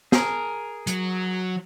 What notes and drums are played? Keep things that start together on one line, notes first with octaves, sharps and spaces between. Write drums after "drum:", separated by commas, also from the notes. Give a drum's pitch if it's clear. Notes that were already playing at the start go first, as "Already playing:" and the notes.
G#4 A#4, drum: snare
F#3, drum: hi-hat